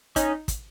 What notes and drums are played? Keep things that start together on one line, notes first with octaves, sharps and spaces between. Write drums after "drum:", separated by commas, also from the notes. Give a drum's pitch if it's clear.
C#4 D#4, drum: kick, hi-hat
drum: kick, hi-hat